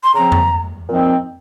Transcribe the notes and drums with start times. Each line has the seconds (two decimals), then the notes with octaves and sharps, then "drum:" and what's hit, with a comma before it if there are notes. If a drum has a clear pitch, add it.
0.04 C6
0.15 C#3 F3 C4 A#5
0.32 drum: tom F2
0.89 A#2 F3 C4 D#4